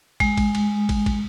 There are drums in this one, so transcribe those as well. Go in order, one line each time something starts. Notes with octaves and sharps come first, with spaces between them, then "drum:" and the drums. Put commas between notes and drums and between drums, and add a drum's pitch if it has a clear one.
G#3, drum: kick, cymbal
drum: kick, cymbal
drum: cymbal
drum: kick, cymbal
drum: kick, cymbal